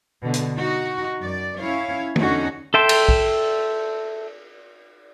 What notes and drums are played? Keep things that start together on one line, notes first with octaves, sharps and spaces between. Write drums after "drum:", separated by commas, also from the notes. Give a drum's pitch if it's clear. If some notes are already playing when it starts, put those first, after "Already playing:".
B2 D3
drum: hi-hat
D#4 F#4
F#2 D5
C#4 E4 C#5 F5
E2 D3 C#4 D#4 F#4, drum: tom
A4 E5 G5 A5 C6
drum: cymbal
drum: kick B1